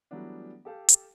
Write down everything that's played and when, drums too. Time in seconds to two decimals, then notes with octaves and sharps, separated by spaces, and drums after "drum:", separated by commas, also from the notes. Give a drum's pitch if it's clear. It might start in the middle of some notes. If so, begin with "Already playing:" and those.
0.11 E3 F#3 G3 A3 B3 D4
0.65 G4 A4 F5 G5
0.89 drum: hi-hat